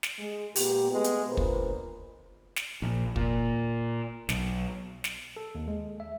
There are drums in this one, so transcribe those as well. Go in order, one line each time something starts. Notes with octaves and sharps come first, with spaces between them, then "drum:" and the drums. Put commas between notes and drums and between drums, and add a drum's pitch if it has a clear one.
drum: snare
G#3
A#2 B3 G4, drum: open hi-hat
G#3 A3 B3
drum: hi-hat
A#2 D3 A#3 B4 C5
drum: kick
drum: snare
A#1
A#2, drum: kick
B1, drum: snare
drum: snare
A4
D#2
G#3
E5